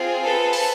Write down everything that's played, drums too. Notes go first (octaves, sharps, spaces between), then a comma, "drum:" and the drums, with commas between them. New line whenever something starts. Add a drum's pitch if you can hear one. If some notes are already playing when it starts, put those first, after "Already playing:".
Already playing: C4 F4 G#4
A4 B4
drum: open hi-hat